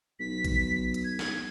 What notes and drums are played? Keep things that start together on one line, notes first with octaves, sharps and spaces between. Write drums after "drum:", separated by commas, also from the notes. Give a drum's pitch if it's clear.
B1 B6
drum: kick, hi-hat
drum: hi-hat
G#6
drum: snare